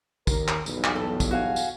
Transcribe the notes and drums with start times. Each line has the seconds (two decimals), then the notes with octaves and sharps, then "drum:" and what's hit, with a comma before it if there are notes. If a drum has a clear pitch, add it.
0.27 D#2 A#4, drum: kick, tambourine
0.48 drum: clap
0.66 B1 E2 G2, drum: tambourine
0.84 drum: clap
0.96 A4
1.20 drum: kick, tambourine
1.31 F#4 F5 G#5
1.56 drum: tambourine